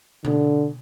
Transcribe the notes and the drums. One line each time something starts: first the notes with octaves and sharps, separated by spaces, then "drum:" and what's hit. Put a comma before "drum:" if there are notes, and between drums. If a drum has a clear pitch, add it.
D3, drum: tom B2